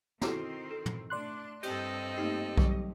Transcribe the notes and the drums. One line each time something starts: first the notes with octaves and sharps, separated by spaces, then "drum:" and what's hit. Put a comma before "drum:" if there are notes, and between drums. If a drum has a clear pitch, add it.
D#3 C4 E4 F#4 A4, drum: snare
A4
drum: tom
A3 D4 D5 C6 F#6
G2 C4 G4 A4 D#5 G6, drum: cymbal
A3 A#3 D#4 G4
F#3 G3, drum: kick B1